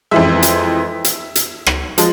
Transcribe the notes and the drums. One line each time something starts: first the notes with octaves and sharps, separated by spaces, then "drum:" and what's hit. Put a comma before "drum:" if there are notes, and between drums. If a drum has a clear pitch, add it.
F2 E3 G#3 E5
drum: hi-hat
drum: hi-hat
drum: hi-hat
drum: rim click
F3 G#3, drum: hi-hat